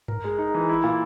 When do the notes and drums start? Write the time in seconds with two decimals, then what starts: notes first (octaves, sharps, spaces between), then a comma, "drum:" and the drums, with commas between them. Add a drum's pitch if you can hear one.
0.08 A#4, drum: tom G2
0.24 G#3
0.38 D#4
0.54 E3
0.69 E4
0.84 A#2